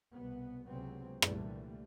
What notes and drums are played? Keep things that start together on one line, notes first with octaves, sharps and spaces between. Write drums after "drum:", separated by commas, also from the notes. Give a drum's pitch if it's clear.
C2 B2 B3
C#2 C3 F#3 G#3 B3 C4
C2 A#2 D3 E3 G3 A3, drum: rim click